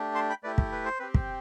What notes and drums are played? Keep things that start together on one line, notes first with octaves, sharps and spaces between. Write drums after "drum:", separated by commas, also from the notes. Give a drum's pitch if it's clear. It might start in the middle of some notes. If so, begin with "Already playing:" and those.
Already playing: A3 D4 G4
A5 C6
G5 B5
A3 E4 G4 B4 D5
drum: kick
B4
C5
C4 G4 B4
drum: kick